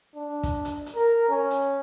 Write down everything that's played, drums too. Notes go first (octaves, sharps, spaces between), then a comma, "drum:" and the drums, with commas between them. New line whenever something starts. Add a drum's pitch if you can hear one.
D4
drum: kick, hi-hat
drum: hi-hat
drum: hi-hat
A#4
C#4
drum: hi-hat